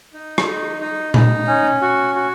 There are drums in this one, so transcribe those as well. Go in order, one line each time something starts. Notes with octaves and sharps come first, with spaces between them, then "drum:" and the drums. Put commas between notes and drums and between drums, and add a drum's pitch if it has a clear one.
D#4
drum: rim click
D#4
D#4
D#4, drum: tom A#2
C#4
F#4
F#4